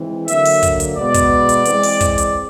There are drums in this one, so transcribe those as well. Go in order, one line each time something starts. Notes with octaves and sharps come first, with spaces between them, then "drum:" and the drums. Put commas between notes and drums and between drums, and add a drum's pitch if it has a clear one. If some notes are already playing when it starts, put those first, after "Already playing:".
Already playing: E3 G#3 C4
D3 F#3 A#3 E5, drum: hi-hat
drum: open hi-hat
drum: kick, hi-hat
drum: hi-hat
B2 G#3 B3 D5
drum: kick, hi-hat
drum: hi-hat
E3 G#3 C4, drum: hi-hat
drum: open hi-hat
drum: kick, hi-hat
drum: hi-hat